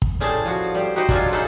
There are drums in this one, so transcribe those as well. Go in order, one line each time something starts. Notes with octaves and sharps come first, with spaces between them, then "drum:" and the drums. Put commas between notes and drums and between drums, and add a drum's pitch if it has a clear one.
drum: kick
A2 G3 C#4 G#4 C5 A5
F3 F#4
G3 G4 C5
D#4 F#4 G4 B4 C5
B2 F#3 C#4 D4 F4 G#5, drum: kick
D#4 F4 G#4 A4 B4 C5